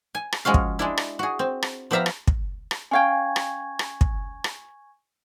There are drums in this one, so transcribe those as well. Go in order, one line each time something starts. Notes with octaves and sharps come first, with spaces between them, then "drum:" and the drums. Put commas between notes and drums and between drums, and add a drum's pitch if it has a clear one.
G#5
drum: rim click
F3 G#3 C#4 F#4 F5
drum: kick
G#3 D4 E4
drum: rim click
F#4 G#4
C4
drum: rim click
F3 B3 G4 E5 F5 A#5
drum: rim click
drum: kick
drum: rim click
C#4 F5 G5 G#5 C#6 G#6
drum: rim click
drum: rim click
drum: kick
drum: rim click